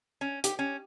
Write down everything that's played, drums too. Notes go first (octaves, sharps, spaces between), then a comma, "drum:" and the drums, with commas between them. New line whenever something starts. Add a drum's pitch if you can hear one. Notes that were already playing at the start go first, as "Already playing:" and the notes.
C#4
G4, drum: hi-hat
C#4